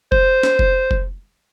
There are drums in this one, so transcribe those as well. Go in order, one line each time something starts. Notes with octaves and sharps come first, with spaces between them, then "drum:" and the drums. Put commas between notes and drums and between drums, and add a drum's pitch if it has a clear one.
C5, drum: kick F1
drum: snare
drum: kick F1
drum: kick F1